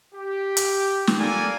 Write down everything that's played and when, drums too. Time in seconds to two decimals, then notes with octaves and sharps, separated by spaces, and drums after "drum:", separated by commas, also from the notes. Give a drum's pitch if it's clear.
0.14 G4
0.57 drum: hi-hat
1.07 drum: snare
1.19 A4 A#4 D5 F5 G#5